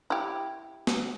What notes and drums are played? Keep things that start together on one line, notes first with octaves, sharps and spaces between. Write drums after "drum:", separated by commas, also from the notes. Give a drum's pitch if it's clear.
E4 G4
drum: snare A#3